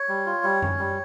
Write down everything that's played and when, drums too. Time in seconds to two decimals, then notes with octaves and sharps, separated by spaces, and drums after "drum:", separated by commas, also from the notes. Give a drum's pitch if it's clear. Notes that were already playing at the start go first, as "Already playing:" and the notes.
Already playing: C#5
0.09 G3
0.26 F4
0.44 G3
0.62 C#4, drum: tom F#2
0.79 G3